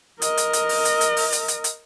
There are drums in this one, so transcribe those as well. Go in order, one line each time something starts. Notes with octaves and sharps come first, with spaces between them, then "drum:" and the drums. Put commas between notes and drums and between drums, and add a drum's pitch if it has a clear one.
A#4 D#5, drum: hi-hat
drum: hi-hat
drum: hi-hat
drum: open hi-hat
drum: hi-hat
drum: hi-hat
drum: open hi-hat
drum: hi-hat
drum: hi-hat
drum: hi-hat